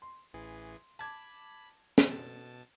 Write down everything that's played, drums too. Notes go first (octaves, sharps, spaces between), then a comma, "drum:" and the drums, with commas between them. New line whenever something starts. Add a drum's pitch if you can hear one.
C6
A1 E3 G#4
A5 B5 D6 G#6
drum: snare
B2 A4 A5